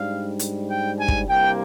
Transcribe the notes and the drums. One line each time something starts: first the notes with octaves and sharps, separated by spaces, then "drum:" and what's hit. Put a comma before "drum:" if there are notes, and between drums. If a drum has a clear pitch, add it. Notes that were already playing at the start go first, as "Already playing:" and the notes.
Already playing: G#2 G3 D4 F5
drum: hi-hat
G5
G#5
drum: kick
C2 C3 G3 A#3 D4 G5